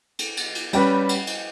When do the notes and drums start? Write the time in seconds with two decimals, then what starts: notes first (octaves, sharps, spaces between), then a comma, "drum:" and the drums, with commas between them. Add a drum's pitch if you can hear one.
0.19 drum: cymbal
0.37 drum: cymbal
0.55 drum: cymbal
0.73 G3 C#4 G4 B4, drum: cymbal
1.09 drum: cymbal
1.27 drum: cymbal